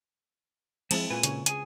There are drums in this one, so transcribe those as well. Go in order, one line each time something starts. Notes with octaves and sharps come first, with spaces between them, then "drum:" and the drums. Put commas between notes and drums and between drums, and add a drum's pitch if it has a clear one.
F3 G#3 C4 E4 A5, drum: cymbal
A#2 F4 B4 G#5
C#3 C#5, drum: hi-hat
G#4 G#5, drum: hi-hat